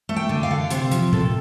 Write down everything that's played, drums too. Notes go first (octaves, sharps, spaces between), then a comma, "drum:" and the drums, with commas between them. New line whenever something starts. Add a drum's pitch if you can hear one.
A3
G5
D3
F5
D3
C3 C5, drum: hi-hat
F3, drum: hi-hat
C3 A4, drum: tom A2